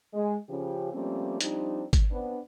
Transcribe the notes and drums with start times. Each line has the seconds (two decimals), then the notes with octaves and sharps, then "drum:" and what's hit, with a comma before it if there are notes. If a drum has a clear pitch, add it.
0.13 G#3
0.49 C#3 F3 G4
0.92 F3 G3 A3 A#3 C4 C#4
1.41 F3 G3 C4 D4 D#4, drum: hi-hat
1.93 drum: kick G#1, hi-hat
2.11 B3 C4 D4